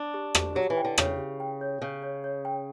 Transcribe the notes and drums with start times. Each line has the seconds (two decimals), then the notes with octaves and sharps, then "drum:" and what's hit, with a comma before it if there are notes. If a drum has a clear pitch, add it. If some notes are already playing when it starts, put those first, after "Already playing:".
Already playing: D4
0.14 G4
0.35 G4, drum: rim click
0.55 F#3 G4
0.70 E3
0.77 G5
0.85 D3
0.98 C#3 C#5, drum: rim click
1.18 G4
1.40 G5
1.61 C#5
1.81 C#3 C#5
2.02 C#5
2.24 C#5
2.45 G5